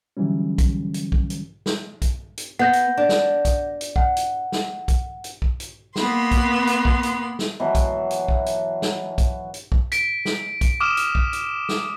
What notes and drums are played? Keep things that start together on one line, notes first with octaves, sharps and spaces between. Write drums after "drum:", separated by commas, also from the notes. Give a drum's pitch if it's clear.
D3 E3 F#3 G3 C#4
drum: kick, hi-hat
drum: hi-hat
drum: kick
drum: hi-hat
drum: snare
drum: kick, hi-hat
drum: hi-hat
B3 F#5 G6 A#6
drum: hi-hat
D4
drum: snare
drum: kick, hi-hat
drum: hi-hat
F#5, drum: kick
drum: hi-hat
drum: snare
drum: kick, hi-hat
drum: hi-hat
drum: kick
drum: hi-hat
A#3 B3 B5 C6, drum: snare
drum: kick, hi-hat
drum: hi-hat
drum: kick
drum: hi-hat
drum: snare
B2 E3 F#3
drum: kick, hi-hat
drum: hi-hat
drum: kick
drum: hi-hat
drum: snare
drum: kick, hi-hat
drum: hi-hat
drum: kick
B6 D7, drum: hi-hat
drum: snare
drum: kick, hi-hat
D6 D#6 F6 E7
drum: hi-hat
drum: kick
drum: hi-hat
drum: snare